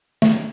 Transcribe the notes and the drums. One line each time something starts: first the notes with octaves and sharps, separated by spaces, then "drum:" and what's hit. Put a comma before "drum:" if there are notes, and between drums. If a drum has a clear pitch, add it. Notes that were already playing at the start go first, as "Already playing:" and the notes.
A3, drum: snare